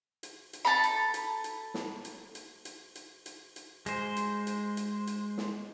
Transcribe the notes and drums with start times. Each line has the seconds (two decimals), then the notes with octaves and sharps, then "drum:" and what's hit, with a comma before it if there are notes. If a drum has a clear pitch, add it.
0.23 drum: hi-hat
0.53 drum: hi-hat
0.65 A4 A#5 B5
0.84 drum: hi-hat
1.14 drum: hi-hat
1.44 drum: hi-hat
1.74 drum: snare
2.05 drum: hi-hat
2.35 drum: hi-hat
2.65 drum: hi-hat
2.95 drum: hi-hat
3.26 drum: hi-hat
3.56 drum: hi-hat
3.86 G#3 C5, drum: hi-hat
4.16 drum: hi-hat
4.47 drum: hi-hat
4.77 drum: hi-hat
5.07 drum: hi-hat
5.38 drum: snare